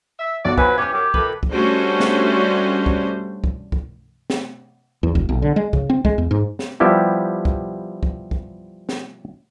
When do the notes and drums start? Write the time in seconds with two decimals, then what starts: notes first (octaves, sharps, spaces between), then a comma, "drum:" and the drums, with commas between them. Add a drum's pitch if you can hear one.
0.19 E5
0.45 B1 F#4 D5
0.58 F3 F#3 B3 B4 G#5 B5, drum: kick C2
0.78 E3 C#4 G4 D6 G#6
0.93 F#2 G4
1.14 A#2 A3 A4 B4, drum: kick C2
1.43 drum: kick C2
1.52 G3 A3 C#4 D4 F#4 C5
2.00 drum: snare
2.86 drum: kick C2
3.44 drum: kick C2
3.72 drum: kick C2
4.30 drum: snare
5.03 E2
5.15 E1, drum: kick C2
5.29 B1
5.42 D3
5.56 G#3
5.73 C#3, drum: kick C2
5.90 C4
6.05 G#3, drum: kick C2
6.18 E2
6.31 G#2
6.59 drum: snare
6.80 F3 G3 B3 E4 G4
7.45 drum: kick C2
8.03 drum: kick C2
8.31 drum: kick C2
8.89 drum: snare